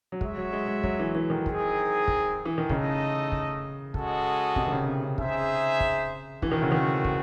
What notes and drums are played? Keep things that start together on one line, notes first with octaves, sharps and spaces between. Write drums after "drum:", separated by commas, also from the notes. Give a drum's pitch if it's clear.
F#3
G#3 F#4 C#5 E5, drum: kick
F#3
G#3
G#3
F#3, drum: kick
E3
E3
D#3
C4 D#4 G#4, drum: kick
drum: kick
E3
D#3
C#3 A3 D#4 A4 D#5, drum: kick
drum: kick
G#3 C#4 F#4 A4 D#5, drum: kick
C3, drum: kick
D#3
C#3
C3
C#3
C#3 D#4 G#4 C5 E5, drum: kick
drum: kick
E3 A3 C4 F#4, drum: kick
D#3
C#3
D#3
drum: kick